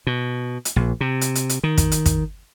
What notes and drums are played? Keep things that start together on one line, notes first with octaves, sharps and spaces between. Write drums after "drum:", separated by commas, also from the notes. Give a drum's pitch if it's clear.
B2
drum: hi-hat
A#1
C3
drum: hi-hat
drum: hi-hat
drum: hi-hat
D#3
drum: kick, hi-hat
drum: hi-hat
drum: kick, hi-hat